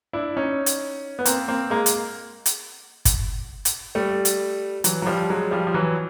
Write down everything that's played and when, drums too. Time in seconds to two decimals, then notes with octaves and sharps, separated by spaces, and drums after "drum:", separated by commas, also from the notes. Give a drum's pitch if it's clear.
0.13 D4 E4
0.37 C#4 D#4
0.66 drum: hi-hat
1.19 B3
1.25 A#3 C4, drum: hi-hat
1.48 A#3 C4
1.70 G#3 A#3
1.86 drum: hi-hat
2.46 drum: hi-hat
3.05 drum: kick, hi-hat
3.65 drum: hi-hat
3.95 G3 A3
4.25 drum: hi-hat
4.84 E3 F#3, drum: hi-hat
5.02 F#3
5.06 F3 G3
5.30 F#3 G#3
5.51 F3 G3
5.67 F3
5.74 E3 F#3